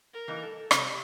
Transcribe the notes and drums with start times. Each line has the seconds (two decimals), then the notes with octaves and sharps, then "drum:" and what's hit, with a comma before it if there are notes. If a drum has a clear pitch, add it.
0.14 A#4
0.28 E3 G3 A#3 D#4
0.43 A4
0.71 C3 G4, drum: rim click